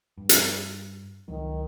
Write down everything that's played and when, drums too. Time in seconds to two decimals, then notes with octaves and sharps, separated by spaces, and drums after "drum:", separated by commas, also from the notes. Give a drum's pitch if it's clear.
0.18 G2
0.29 drum: hi-hat
1.28 C#2 D#3 F#3